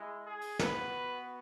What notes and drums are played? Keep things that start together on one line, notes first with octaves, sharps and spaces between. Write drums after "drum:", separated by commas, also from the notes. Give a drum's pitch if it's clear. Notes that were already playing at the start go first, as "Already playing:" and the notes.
Already playing: G#3 E4
G#4
drum: open hi-hat
B3 F#4 B4, drum: snare